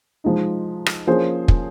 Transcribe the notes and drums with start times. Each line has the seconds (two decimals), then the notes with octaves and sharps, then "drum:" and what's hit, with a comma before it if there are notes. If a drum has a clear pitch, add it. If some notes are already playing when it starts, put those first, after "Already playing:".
0.24 F3 G#3 D#4
0.86 drum: rim click
1.07 F3 A#3 C#4 G#4 C5
1.48 drum: kick